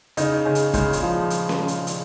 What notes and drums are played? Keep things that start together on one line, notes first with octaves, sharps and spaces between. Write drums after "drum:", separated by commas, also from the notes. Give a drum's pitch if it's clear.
C#3 D#4, drum: hi-hat
C#3 G#4
drum: hi-hat
C#3 G#3, drum: kick, hi-hat
A#2, drum: hi-hat
F3
drum: hi-hat
drum: snare C#4
drum: hi-hat
drum: hi-hat